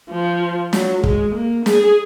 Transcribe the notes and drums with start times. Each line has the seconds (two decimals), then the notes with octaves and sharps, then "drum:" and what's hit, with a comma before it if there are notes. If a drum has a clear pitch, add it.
0.10 F3
0.73 F#3, drum: snare
1.04 G#3, drum: kick
1.35 A#3
1.66 G#4, drum: snare